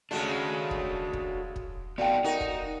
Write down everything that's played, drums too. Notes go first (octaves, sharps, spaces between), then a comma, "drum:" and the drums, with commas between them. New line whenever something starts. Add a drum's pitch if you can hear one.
C#3 G#3 A3 D4 F#4
drum: kick
drum: kick
drum: kick
B3 F#4 A4 D5 F5 G5
D#4 F#4 A#4
drum: kick